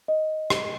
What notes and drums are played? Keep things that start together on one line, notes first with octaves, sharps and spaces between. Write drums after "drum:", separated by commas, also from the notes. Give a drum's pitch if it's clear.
D#5
drum: rim click